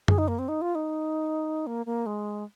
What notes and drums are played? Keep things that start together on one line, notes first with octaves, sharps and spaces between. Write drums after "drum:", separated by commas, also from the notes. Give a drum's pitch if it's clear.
G#4, drum: tom F#2
D#4
A#3
C4
D#4
F4
D#4
A#3
A#3
G#3